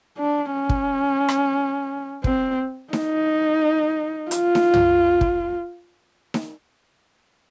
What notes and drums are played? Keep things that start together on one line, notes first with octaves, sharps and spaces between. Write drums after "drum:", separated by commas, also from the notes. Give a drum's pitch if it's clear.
D4
C#4
drum: kick
drum: rim click
C4, drum: kick
D#4, drum: snare D#4
F4, drum: hi-hat
drum: snare D#4
drum: tom
drum: kick
drum: snare D#4